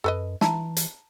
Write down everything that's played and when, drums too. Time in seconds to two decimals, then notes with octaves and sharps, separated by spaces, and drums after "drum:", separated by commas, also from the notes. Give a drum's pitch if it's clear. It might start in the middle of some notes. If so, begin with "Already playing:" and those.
0.04 F#2 A4 B4 D#5
0.41 E3 E4 A5 A#5, drum: snare
0.77 drum: hi-hat